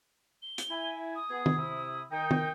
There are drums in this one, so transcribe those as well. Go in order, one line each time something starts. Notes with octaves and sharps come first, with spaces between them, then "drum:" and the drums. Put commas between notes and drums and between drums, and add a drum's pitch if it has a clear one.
G7
drum: hi-hat
E4 G#5
D#6
B3 G#4
drum: tom D#3
C3 E4
D#3 D#4 G5
drum: tom D#3